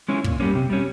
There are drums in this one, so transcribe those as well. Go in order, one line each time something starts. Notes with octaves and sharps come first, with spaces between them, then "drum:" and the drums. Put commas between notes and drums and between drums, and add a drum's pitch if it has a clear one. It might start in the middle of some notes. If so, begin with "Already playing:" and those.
G#3 C#4 E4
A#2, drum: kick
G3 A#3 C#4
C3
G3 C#4